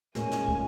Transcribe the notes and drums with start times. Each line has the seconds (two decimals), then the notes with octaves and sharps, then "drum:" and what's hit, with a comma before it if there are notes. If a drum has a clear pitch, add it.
0.15 A#2 G#3 C#4 A#4 G#5, drum: snare
0.31 drum: snare
0.48 G#3 C#4 F4, drum: kick